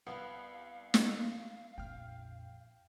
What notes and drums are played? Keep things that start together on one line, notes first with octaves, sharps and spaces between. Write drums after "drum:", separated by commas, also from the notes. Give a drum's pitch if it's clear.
C2 B3 F5
drum: snare
A#1 F2 G5 F6